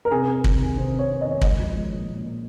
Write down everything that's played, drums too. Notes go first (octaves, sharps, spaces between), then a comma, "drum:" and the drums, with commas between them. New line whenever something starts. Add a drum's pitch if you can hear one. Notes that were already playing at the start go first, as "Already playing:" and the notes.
A#4
C3 G#4
C3
C3, drum: kick
D#3
C3 C5
C3
C#5
D#3
D#5
D#3 C#5
G#3 D#5, drum: kick
F3
G#3
A#2
A#2
A#2